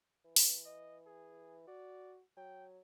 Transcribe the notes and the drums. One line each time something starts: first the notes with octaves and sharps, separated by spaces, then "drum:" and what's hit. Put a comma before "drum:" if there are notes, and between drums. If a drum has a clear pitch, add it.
E3
drum: open hi-hat
D#5
G#4
F#4 D5
F#3 G5